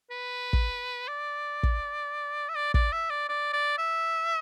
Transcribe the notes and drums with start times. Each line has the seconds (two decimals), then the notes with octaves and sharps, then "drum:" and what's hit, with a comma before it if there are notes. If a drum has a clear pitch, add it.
0.11 B4
0.53 drum: kick
1.08 D5
1.63 drum: kick
2.49 E5
2.55 D5
2.74 D5, drum: kick
2.92 E5
3.10 D5
3.29 D5
3.53 D5
3.78 E5